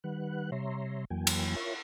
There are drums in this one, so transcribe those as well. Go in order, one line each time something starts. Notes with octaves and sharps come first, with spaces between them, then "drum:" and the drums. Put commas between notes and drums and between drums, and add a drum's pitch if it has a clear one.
D#3 G3 B4 F#5 F#6
C3 G3 C#5 E5 A#5 C6
F2 E3 F#3 A#3 G5 G#5
drum: cymbal
F4 A#4 C#5 E5 C#6